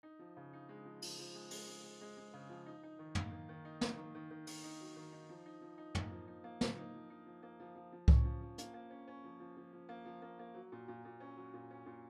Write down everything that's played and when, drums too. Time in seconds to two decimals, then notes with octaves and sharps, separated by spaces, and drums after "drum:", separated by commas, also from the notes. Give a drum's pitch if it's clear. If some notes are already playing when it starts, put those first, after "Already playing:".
0.03 D#4
0.19 F3
0.37 C#3
0.53 D#4
0.69 G#3
0.85 F3
1.02 F3, drum: open hi-hat
1.19 F3
1.35 G#3
1.51 G#3, drum: open hi-hat
1.68 G#3
1.84 G#3
2.01 G#3
2.17 G#3
2.33 C#3
2.49 F3
2.66 D#4
2.83 D#4
2.99 D#3
3.15 A#3, drum: tom
3.32 D#3
3.49 D#3
3.65 D#4
3.81 A#3, drum: snare
3.97 D#3
4.15 D#3
4.30 D#3
4.47 D#3, drum: open hi-hat
4.64 D#4
4.80 F#3
4.96 D#3
5.13 D#4
5.29 F3
5.46 D#4
5.61 F3
5.78 D#4
5.95 A#3, drum: tom
6.12 F3
6.27 D#4
6.44 A#3
6.61 A#3, drum: snare
6.78 D#4
6.94 F3
7.10 D#4
7.26 F3
7.43 A#3
7.60 F3
7.76 F3
7.92 F3
8.08 C#4, drum: kick C2
8.24 F3
8.41 F3
8.58 A#3, drum: hi-hat
8.74 A#3
8.90 C#4
9.08 C#4
9.24 F3
9.40 F3
9.57 F3
9.73 F3
9.89 A#3
10.05 F3
10.22 A#3
10.39 A#3
10.55 F#3
10.72 A#2
10.88 A#2
11.05 A#2
11.20 C#4
11.37 F#3
11.53 A#2
11.71 C#4
11.86 A#2